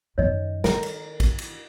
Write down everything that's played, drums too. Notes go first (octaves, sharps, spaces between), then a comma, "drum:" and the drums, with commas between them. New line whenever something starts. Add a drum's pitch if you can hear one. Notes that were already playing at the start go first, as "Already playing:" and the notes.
F#2 D#3 C#5 D#5
D#3 A#4, drum: snare
drum: cymbal
drum: kick, cymbal
drum: cymbal